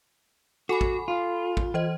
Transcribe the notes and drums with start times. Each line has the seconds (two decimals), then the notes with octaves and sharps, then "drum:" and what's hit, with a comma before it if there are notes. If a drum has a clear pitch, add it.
0.69 F#4 A4 G#5 B5
0.81 drum: kick
1.08 F4
1.57 drum: kick
1.74 E3 C5 D#5